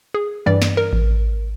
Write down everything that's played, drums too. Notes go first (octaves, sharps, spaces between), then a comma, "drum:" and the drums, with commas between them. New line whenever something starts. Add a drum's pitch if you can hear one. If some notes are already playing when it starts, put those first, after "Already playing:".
G#4
G2 E3 G3 D5
drum: snare
A#4
drum: kick A1